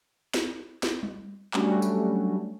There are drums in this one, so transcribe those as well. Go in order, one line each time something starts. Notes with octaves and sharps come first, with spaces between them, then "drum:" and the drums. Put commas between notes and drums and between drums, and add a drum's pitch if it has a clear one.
drum: snare
drum: snare
drum: tom G3
F#3 G3 A3 C#4 D4 F#4, drum: clap
drum: tambourine